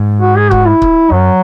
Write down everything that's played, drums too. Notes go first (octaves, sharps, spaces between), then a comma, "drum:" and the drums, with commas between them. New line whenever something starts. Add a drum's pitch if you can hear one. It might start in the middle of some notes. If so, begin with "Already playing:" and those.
Already playing: G#2
F#4
G#4
F#4, drum: kick C#1
E4
drum: kick C#1
F#2 F#3